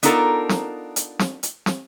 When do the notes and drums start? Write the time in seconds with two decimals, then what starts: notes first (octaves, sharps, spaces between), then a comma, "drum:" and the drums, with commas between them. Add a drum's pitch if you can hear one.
0.03 B3 D4 D#4 F4 A4 A#4, drum: hi-hat
0.49 drum: snare
0.96 drum: hi-hat
1.19 drum: snare
1.43 drum: hi-hat
1.66 drum: snare